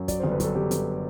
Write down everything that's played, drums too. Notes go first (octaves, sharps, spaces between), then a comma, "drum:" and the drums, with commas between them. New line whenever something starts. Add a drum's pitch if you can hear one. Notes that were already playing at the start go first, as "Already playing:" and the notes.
Already playing: F#2
F#3 D5, drum: kick, hi-hat
G1 C5
B4
F#3 A4, drum: kick, hi-hat
G1 G4
G1, drum: hi-hat